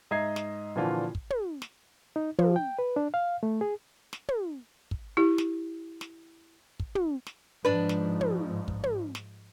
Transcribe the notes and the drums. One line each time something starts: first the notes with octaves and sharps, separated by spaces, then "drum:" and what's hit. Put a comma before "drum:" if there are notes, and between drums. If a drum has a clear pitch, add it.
G#2 D#5 E5 A#5 G#6 C7
drum: snare
A#2 D3 E3 F3 F4 F#4
drum: kick
drum: tom
drum: snare
D#4
F3, drum: tom
G5
B4
D4
F5
A3
G#4
drum: snare
drum: tom
drum: kick
E4 G4
drum: snare
drum: snare
drum: kick
drum: tom
drum: snare
G#2 F3 D4 B4
drum: snare
drum: tom
drum: kick
drum: tom
drum: snare